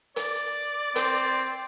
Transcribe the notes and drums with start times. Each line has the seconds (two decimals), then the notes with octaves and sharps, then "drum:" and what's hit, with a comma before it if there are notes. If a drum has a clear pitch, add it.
0.16 D5, drum: hi-hat
0.96 C4, drum: hi-hat